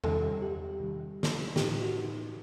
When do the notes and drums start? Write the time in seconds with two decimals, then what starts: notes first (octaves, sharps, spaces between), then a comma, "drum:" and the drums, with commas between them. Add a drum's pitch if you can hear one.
0.04 C3 D#3 G3 A4, drum: tom E2
0.42 G4
0.80 C3 D#3 G3
1.23 drum: snare
1.56 A2 E3 B3 D#4 G4, drum: snare
1.81 F#4